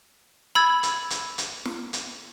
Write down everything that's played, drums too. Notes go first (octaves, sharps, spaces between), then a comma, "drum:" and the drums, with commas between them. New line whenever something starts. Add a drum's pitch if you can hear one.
B5 E6 G#6 A6
drum: hi-hat
drum: hi-hat
drum: hi-hat
drum: snare
drum: hi-hat